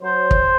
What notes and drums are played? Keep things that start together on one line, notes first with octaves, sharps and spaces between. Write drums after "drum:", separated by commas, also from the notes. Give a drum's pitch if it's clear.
F#3 C5
drum: kick